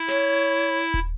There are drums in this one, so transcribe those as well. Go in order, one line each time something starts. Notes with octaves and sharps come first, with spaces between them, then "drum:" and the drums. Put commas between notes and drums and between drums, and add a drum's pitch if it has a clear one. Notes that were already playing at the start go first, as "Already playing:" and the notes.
Already playing: E4
C#5, drum: snare
drum: hi-hat
drum: kick D#1